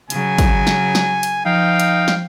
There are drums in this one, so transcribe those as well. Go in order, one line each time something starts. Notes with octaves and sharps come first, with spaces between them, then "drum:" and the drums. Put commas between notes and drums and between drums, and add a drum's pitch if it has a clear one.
C#3 F#3 G#5, drum: hi-hat
drum: kick, hi-hat
drum: snare
drum: snare
drum: hi-hat
F3 D#4 F5 G5
drum: hi-hat
drum: snare